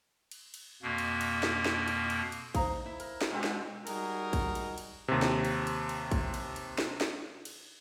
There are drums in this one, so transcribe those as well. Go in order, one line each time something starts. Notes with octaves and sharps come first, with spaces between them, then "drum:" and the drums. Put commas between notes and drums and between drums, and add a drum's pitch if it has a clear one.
drum: cymbal
drum: cymbal
F2 B2 A#3
drum: cymbal
drum: cymbal
drum: snare
drum: snare
drum: cymbal
drum: cymbal
drum: cymbal
D#4 C5 F5 A#5, drum: kick, cymbal
E4
A#4, drum: cymbal
drum: snare
G#2 B2 C4 G4
drum: snare
G3 D#4 F#4 G#4 A#4, drum: cymbal
drum: kick, cymbal
drum: cymbal
drum: cymbal
D#2 C3
drum: snare
drum: cymbal
drum: cymbal
drum: cymbal
drum: kick, cymbal
drum: cymbal
drum: cymbal
drum: snare
drum: snare
drum: cymbal